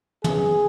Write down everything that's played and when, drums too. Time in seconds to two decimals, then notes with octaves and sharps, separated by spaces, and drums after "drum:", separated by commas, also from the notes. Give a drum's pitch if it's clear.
0.24 F#2 C#3 E3 G#4, drum: tom